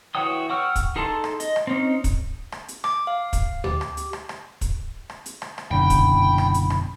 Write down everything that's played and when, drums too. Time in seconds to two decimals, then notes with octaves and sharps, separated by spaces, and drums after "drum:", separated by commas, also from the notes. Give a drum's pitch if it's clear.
0.15 E3 F#4 C#5 G5 D#6
0.50 F#5 G5 C#6 E6 F6
0.76 drum: kick, hi-hat
0.96 D#4 G#4 A4 A5 C6
1.24 drum: rim click
1.40 D#5, drum: hi-hat
1.56 drum: rim click
1.67 C4 C#4 D#4
2.04 drum: kick, hi-hat
2.52 drum: rim click
2.68 drum: hi-hat
2.84 D6, drum: rim click
3.07 F5
3.33 drum: kick, hi-hat
3.64 G4, drum: tom D2
3.81 drum: rim click
3.97 drum: hi-hat
4.13 drum: rim click
4.29 drum: rim click
4.61 drum: kick, hi-hat
5.10 drum: rim click
5.26 drum: hi-hat
5.42 drum: rim click
5.58 drum: rim click
5.71 F#1 B1 F#2 D3 G5 B5
5.90 drum: kick, hi-hat
6.38 drum: rim click
6.54 drum: hi-hat
6.70 drum: rim click